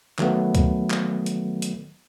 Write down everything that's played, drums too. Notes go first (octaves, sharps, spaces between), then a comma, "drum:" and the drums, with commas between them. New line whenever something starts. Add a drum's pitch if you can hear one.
D#3 F#3 A3 B3, drum: clap
drum: kick C#2, hi-hat
drum: clap
drum: hi-hat
drum: hi-hat